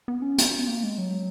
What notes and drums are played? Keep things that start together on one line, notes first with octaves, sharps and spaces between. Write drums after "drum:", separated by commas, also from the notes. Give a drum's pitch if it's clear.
B3
C#4
B3, drum: hi-hat
C#4
B3
A#3
G#3
F#3